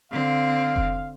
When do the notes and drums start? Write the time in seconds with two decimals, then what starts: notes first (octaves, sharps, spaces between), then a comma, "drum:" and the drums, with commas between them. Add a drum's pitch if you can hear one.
0.12 D3 C4 F5
0.76 drum: kick F1